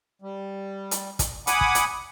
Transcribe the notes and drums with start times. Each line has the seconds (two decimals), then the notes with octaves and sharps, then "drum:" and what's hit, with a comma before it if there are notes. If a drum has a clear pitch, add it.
0.22 G3
0.91 drum: hi-hat
1.19 drum: kick, hi-hat
1.47 F#5 G#5 B5 D6 D#6, drum: hi-hat
1.61 drum: kick
1.75 drum: hi-hat